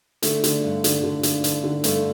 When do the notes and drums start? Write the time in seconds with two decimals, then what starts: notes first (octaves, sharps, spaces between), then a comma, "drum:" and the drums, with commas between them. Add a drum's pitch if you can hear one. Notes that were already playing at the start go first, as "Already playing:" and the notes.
0.23 D3 A3, drum: hi-hat
0.44 D3, drum: hi-hat
0.64 G2
0.84 D3, drum: hi-hat
1.03 D3
1.23 D3, drum: hi-hat
1.44 D3, drum: hi-hat
1.64 D3
1.84 G2 A3, drum: hi-hat